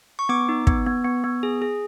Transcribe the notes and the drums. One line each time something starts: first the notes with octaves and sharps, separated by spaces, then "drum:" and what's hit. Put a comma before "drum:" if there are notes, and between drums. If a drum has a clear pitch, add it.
C#6
B3 D6
D#4
B3, drum: kick
B3
B3
B3
G#4
G#4